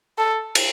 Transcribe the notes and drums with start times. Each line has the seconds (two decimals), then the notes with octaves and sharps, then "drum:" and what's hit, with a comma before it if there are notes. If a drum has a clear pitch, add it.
0.18 A4
0.55 drum: cymbal